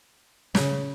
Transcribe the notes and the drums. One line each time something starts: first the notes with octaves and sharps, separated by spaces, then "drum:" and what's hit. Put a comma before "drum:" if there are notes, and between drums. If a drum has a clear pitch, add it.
C#3, drum: snare